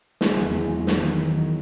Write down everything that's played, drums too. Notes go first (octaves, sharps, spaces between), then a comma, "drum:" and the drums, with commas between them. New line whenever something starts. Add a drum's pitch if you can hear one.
F#3 G#3, drum: snare
E2
D#3 E3
E2
D#3, drum: snare